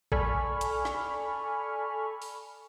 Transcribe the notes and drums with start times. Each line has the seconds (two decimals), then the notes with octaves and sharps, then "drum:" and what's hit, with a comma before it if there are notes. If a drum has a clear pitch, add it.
0.12 A4 D5 G#5 B5 C#6 F6, drum: kick A1
0.61 drum: hi-hat
0.85 drum: snare
2.22 drum: open hi-hat